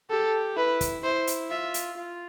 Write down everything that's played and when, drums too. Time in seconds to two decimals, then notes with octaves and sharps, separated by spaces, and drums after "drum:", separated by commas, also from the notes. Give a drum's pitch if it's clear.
0.10 G4 A4
0.57 E4 B4
0.81 drum: kick, hi-hat
1.04 E4 C5
1.27 drum: hi-hat
1.51 F4 E5
1.74 drum: hi-hat
1.97 F4